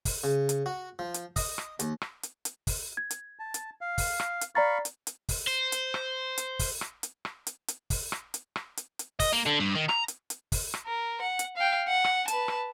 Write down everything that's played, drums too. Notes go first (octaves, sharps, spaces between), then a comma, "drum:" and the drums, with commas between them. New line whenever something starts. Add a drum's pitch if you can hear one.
drum: kick, open hi-hat
C#3
drum: hi-hat
F#4
F3
drum: hi-hat
D#5, drum: kick, open hi-hat
drum: rim click
D#2, drum: hi-hat
drum: rim click
drum: hi-hat
drum: hi-hat
drum: kick, open hi-hat
G#6
drum: hi-hat
A5
drum: hi-hat
F5
drum: kick, open hi-hat
drum: rim click
drum: hi-hat
D5 F5 A#5 B5 C#6 A6
drum: hi-hat
drum: hi-hat
drum: kick, open hi-hat
C5
drum: hi-hat
drum: rim click
drum: hi-hat
drum: kick, open hi-hat
drum: rim click
drum: hi-hat
drum: rim click
drum: hi-hat
drum: hi-hat
drum: kick, open hi-hat
drum: rim click
drum: hi-hat
drum: rim click
drum: hi-hat
drum: hi-hat
D#5, drum: kick, open hi-hat
A#3
D3
G2
D#3
A#5, drum: rim click
drum: hi-hat
drum: hi-hat
drum: kick, open hi-hat
drum: rim click
A#4
F#5
drum: hi-hat
F5 G5
F#5
drum: rim click
B4 A5, drum: hi-hat
drum: rim click